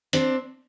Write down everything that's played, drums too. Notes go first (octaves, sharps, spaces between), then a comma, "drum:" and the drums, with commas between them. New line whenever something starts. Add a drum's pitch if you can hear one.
C4 D4, drum: hi-hat